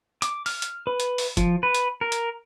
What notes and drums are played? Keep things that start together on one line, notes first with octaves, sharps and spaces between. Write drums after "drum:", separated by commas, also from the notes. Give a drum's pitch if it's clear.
D6, drum: hi-hat
F6, drum: open hi-hat
drum: hi-hat
B4
drum: hi-hat
drum: open hi-hat
F3, drum: kick, hi-hat
B4
drum: hi-hat
A#4
drum: hi-hat